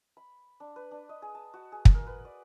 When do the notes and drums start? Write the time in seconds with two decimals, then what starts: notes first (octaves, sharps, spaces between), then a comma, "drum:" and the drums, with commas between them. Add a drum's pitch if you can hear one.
0.17 B5
0.60 D4
0.76 B4
0.91 D4
1.09 D#5
1.22 G#4
1.35 A5
1.54 F#4
1.72 G#4
1.85 drum: kick
1.95 A#4
2.07 B4
2.25 D5